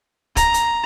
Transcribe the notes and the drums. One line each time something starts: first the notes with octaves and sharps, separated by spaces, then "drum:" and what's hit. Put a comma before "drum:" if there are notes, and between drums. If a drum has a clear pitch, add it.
A#5, drum: kick, hi-hat
drum: hi-hat